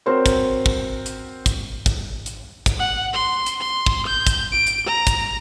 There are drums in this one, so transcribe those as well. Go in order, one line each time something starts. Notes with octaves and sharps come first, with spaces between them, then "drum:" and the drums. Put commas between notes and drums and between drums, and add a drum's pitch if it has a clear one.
C4 F#4 A#4 C5 C#5
drum: kick, hi-hat
drum: kick
drum: hi-hat
drum: kick, hi-hat
drum: kick, hi-hat
drum: hi-hat
drum: kick, hi-hat
F#5
C6
drum: hi-hat
C6
drum: kick
G6
drum: kick, hi-hat
D7
drum: hi-hat
A#5
drum: kick, hi-hat